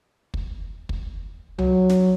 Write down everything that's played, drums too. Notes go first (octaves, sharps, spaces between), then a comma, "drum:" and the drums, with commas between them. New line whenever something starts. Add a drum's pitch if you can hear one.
drum: kick
drum: kick
F#3, drum: tom C2
drum: snare